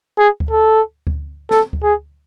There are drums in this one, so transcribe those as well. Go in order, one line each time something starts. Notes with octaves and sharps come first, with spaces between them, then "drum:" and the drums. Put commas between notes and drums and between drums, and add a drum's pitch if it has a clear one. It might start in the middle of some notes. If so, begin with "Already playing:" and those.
G#4
drum: kick D2
A4
drum: kick D2
A4, drum: snare
drum: kick D2
G#4